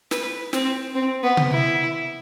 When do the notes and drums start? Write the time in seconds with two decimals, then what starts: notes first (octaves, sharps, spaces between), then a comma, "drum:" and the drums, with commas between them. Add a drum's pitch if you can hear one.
0.11 B4, drum: snare
0.53 C4, drum: snare
0.95 C4
1.23 B3
1.37 drum: tom C3
1.51 E4